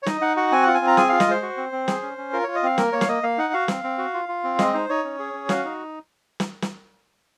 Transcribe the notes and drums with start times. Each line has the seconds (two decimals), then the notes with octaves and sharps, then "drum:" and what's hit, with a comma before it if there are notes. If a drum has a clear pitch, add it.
0.03 C#5
0.06 D#4 D#5, drum: snare
0.21 D#4 F#5
0.36 F#4 F#5
0.52 C4 G#5
0.63 F4 F#5
0.74 G#5
0.82 C4
0.87 A#5
0.97 G#4 G#5, drum: snare
1.09 F4 F5
1.20 D#5, drum: snare
1.28 G#3 C5
1.42 F#4
1.57 C4
1.72 C4
1.88 G#4, drum: snare
2.02 C#4
2.18 C#4
2.33 F4 A#4
2.44 F4 C#5
2.55 D#5
2.63 C4 F5
2.78 A#3 A#4, drum: snare
2.92 A#3 C#5
3.01 F5, drum: snare
3.08 A#3 D#5
3.23 A#3 F5
3.38 D#4 F#5
3.53 F#4 F5
3.68 C4, drum: snare
3.84 C4
3.98 F#4
4.14 F4
4.29 F4
4.44 C4
4.59 G#3 D#5, drum: snare
4.74 D#4 C5
4.89 D#4 C#5
5.05 C#4
5.19 G#4
5.34 C#4
5.49 F#4 F5, drum: snare
5.65 D#4
6.40 drum: snare
6.62 drum: snare